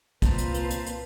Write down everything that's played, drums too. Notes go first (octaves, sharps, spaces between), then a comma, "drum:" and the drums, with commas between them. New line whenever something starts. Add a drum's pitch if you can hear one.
C2 A#2 F4 B4 C5 A5 A#5, drum: kick, hi-hat
drum: hi-hat
drum: hi-hat
drum: hi-hat
drum: hi-hat